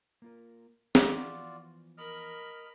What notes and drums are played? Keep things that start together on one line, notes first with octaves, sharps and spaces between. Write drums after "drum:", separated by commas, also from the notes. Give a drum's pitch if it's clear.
A#3 F4 A#4
E3 F3 B3 F4 F#4 D5, drum: snare
A#4 D#5 B5 F6